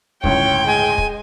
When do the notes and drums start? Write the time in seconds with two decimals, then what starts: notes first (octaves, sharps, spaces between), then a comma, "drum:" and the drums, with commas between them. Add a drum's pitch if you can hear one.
0.24 G1 C#2 A2 C#5 G5, drum: kick
0.67 G#3 G#5
0.98 drum: kick